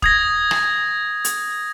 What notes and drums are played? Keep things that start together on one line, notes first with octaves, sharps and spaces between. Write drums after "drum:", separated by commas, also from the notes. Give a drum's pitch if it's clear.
D#6 G#6 A#6, drum: kick E1
drum: rim click
drum: hi-hat